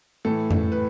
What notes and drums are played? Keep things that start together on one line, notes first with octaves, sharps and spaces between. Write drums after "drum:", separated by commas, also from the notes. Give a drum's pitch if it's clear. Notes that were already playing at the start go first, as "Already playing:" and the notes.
A2 E3 A4
drum: tom F2
B4